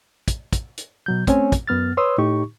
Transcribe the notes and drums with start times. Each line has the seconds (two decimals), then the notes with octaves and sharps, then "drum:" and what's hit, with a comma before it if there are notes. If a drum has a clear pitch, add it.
0.28 drum: kick, hi-hat
0.53 drum: kick, hi-hat
0.77 drum: hi-hat
1.06 B2 F#3 G6
1.27 A3 C4 C#4 C#5 G#5, drum: kick, hi-hat
1.52 drum: kick, hi-hat
1.68 F#2 B3 F6 A6
1.97 B4 C#5 C6 D#6 E6
2.18 A2 D#4 G4 C#6